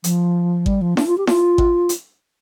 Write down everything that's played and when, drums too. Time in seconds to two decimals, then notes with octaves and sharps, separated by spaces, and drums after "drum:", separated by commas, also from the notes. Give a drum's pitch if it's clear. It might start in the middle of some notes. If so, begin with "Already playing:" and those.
0.04 F3, drum: hi-hat
0.66 G3, drum: kick G#1
0.81 F3
0.97 D4, drum: snare E4
1.07 F4
1.18 G4
1.27 F4, drum: snare E4
1.58 drum: kick G#1
1.89 drum: hi-hat